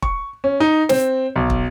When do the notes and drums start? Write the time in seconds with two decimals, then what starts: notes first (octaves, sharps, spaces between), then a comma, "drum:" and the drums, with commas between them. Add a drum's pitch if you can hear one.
0.02 C#6, drum: kick
0.44 C#4
0.60 D#4
0.89 C4, drum: snare
1.36 B1
1.50 drum: kick